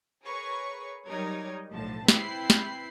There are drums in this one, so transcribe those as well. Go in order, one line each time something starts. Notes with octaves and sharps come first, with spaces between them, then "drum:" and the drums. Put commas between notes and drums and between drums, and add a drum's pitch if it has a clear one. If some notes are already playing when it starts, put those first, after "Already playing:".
G#4 A#4 B4 C#5 C#6
F#3 G3 D#4 A#4 C#5 G#6
B1 A2 D3 F3 A5
C4 E4 B4 G5 B5 C7, drum: snare
drum: snare